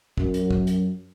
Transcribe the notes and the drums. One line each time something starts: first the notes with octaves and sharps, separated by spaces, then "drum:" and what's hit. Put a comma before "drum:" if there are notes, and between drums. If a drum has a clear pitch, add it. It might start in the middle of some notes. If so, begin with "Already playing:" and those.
F#2, drum: kick
drum: hi-hat
drum: kick
drum: hi-hat